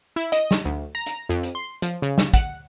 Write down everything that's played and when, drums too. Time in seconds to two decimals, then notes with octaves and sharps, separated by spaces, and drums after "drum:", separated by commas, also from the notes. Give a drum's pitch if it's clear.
0.16 E4
0.32 D#5, drum: hi-hat
0.51 drum: snare
0.65 D2
0.95 A#5
1.06 drum: hi-hat
1.29 F2
1.43 drum: hi-hat
1.55 C6
1.82 F3, drum: hi-hat
2.02 C#3
2.18 drum: snare
2.34 F#5, drum: kick, hi-hat